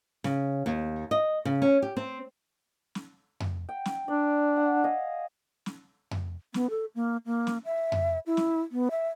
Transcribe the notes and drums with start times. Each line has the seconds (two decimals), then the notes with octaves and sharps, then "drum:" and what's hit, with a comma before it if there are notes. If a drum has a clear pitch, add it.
0.24 C#3, drum: snare
0.66 D#2
1.11 D#5
1.45 C#3
1.62 C#4
1.82 G4
1.97 C4
2.95 drum: snare
3.40 drum: tom F2
3.69 G5
3.85 drum: snare
4.08 D4 D5
4.56 F#5
4.84 D#5 F5 G#5
5.66 drum: snare
6.11 drum: tom F2
6.54 B3, drum: snare
6.70 A4
6.95 A#3
7.26 A#3
7.47 drum: snare
7.65 E5
7.92 drum: tom F2
8.26 E4
8.37 drum: snare
8.72 B3
8.91 E5